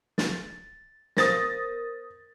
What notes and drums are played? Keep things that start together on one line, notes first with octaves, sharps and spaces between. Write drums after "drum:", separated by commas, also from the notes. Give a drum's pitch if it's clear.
A6, drum: snare
A#4 C5 D#6 A6 A#6, drum: snare